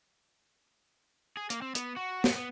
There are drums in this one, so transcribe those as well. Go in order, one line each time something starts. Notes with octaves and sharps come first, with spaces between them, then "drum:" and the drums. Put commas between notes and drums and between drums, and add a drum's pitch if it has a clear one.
G#4
A#3, drum: hi-hat
C4
B3, drum: hi-hat
F#4
B3, drum: snare
B3